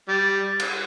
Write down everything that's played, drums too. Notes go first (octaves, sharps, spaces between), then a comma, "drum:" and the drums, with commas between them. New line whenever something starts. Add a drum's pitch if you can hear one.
G3
drum: cymbal